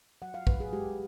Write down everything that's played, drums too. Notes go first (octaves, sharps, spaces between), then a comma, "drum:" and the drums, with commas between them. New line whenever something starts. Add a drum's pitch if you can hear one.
F#3 F#5
F5
F#3 B4, drum: kick
G#4
G#3 G4